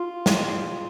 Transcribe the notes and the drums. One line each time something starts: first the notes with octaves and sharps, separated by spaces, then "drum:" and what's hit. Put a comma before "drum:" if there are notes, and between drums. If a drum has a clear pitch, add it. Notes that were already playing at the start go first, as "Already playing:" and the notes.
Already playing: F4
drum: snare